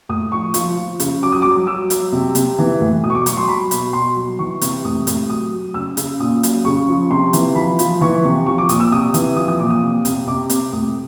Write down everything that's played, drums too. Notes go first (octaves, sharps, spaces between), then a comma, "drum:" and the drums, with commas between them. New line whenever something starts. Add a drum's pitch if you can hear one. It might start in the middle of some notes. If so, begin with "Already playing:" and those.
A2 D#6
F3 C#6
F3, drum: hi-hat
F3
C#3, drum: hi-hat
F#3 D6
D#6
F#3 D6
F#3 E6
F#3, drum: hi-hat
C3
C3, drum: hi-hat
E3
A2
B2 D#6
C#6
D6
F#3 C#6, drum: hi-hat
C6
F#3 B5
B2, drum: hi-hat
B2 C6
F#3
E3 C#6
C3, drum: hi-hat
A2 D#6
A2, drum: hi-hat
F#3 D#6
F#3
C#3 E6
C#3, drum: hi-hat
A#2 D#6
F#3, drum: hi-hat
C#3 C#6
F3
C3 C6
E3, drum: hi-hat
F3 B5
F3, drum: hi-hat
E3 C#6
C3
F3 C#6
D6
A#2 D#6, drum: hi-hat
E6
C3 D#6
E3, drum: hi-hat
F3 D#6
D#6
A#2 D6
D#6
C3
C3, drum: hi-hat
C3 D6
C3, drum: hi-hat
A2 D#6